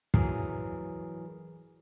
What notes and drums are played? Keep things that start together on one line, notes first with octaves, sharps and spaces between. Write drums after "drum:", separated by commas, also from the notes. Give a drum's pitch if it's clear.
E3 F#3 G#4 A#4, drum: kick